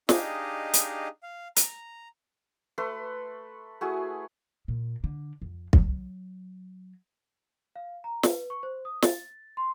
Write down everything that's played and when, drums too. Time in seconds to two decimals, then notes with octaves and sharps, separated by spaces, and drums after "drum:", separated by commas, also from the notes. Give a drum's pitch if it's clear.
0.09 D4 D#4 G4 G#4 D#5 F5, drum: snare
0.74 drum: hi-hat
1.23 F5
1.56 A#5, drum: hi-hat
2.78 A3 A4 B4 C6
3.81 A3 E4 F#4 G#4
4.68 A#2
5.04 D3
5.42 F2
5.73 F#3, drum: kick
7.76 F5
8.04 A#5
8.23 B4, drum: snare
8.50 C#6
8.63 C5
8.85 D#6
9.02 A6, drum: snare
9.57 C6